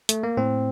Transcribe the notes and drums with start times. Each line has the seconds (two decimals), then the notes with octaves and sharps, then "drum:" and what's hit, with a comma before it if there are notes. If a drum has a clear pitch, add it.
0.09 A3, drum: hi-hat
0.23 A#3
0.37 A2 C4